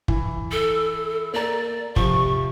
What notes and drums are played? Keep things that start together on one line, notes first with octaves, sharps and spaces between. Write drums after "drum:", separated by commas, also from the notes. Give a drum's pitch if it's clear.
E3, drum: kick
A4
A#3 D5 A#5
C3 F3 C#6, drum: kick